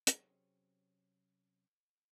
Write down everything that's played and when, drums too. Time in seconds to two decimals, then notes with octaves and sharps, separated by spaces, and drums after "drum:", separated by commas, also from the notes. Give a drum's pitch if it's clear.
0.07 C3 F#3 C4 C#4 G#4, drum: hi-hat